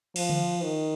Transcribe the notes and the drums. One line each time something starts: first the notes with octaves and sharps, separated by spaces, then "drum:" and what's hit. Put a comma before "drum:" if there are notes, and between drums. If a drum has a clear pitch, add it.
F3, drum: cymbal
drum: tom D3
D#3